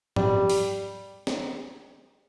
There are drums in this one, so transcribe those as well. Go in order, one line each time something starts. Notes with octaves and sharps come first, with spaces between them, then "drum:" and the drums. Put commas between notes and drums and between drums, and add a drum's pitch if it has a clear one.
G3, drum: tom G#2
drum: open hi-hat
drum: snare